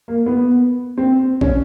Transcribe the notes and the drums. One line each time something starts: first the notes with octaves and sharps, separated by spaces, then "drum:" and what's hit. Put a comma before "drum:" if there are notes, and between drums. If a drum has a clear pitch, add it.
A#3
B3
C4
C#4, drum: kick